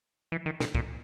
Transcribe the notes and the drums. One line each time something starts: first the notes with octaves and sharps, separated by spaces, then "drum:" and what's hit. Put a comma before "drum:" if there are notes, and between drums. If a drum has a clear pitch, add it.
E3
D#3
B2, drum: snare
A#2, drum: kick